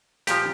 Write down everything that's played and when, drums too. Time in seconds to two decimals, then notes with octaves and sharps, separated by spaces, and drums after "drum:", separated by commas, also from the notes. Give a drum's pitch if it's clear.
0.27 A#2 F3 G4, drum: snare